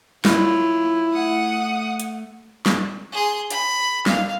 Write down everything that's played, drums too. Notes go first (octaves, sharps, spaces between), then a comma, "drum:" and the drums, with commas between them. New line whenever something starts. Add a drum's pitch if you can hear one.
F#3 A#3 E4 F4, drum: snare
A3 F#5 D#6
drum: hi-hat
drum: snare
G#4 C6
B5, drum: hi-hat
F5, drum: snare